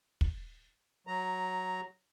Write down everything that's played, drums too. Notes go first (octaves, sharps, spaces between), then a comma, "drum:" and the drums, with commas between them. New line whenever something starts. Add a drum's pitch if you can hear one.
drum: kick
F#3 A#5